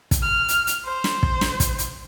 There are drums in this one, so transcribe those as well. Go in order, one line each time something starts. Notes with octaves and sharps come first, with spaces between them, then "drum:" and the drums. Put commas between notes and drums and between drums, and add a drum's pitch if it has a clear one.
drum: kick, hi-hat
F6
drum: hi-hat
drum: hi-hat
C5
drum: snare
drum: kick
drum: snare
drum: kick, hi-hat
drum: hi-hat